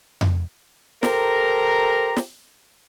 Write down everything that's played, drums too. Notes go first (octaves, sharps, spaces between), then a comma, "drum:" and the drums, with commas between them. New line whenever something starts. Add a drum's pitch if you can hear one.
drum: tom F2
G4 A4 A#4 C5 A#5, drum: snare
drum: snare